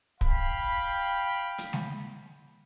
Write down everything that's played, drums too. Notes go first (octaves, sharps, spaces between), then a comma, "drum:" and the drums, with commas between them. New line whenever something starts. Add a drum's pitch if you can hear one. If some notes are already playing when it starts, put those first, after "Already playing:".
F5 G5 B5, drum: kick
drum: hi-hat
drum: snare G#3